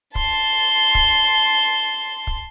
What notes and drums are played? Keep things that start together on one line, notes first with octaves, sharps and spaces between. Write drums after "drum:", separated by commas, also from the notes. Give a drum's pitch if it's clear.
A5 C6, drum: kick
drum: kick
drum: kick